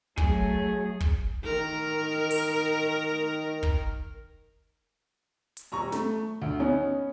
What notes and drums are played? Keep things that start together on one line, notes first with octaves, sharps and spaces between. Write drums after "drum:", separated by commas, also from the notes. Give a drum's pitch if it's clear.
F#3 A3 G#4, drum: kick
drum: kick
D#3 A#4
drum: open hi-hat
drum: kick
drum: hi-hat
D#1 A#5 C#6
A3, drum: snare
D2
B3 C#4 D#4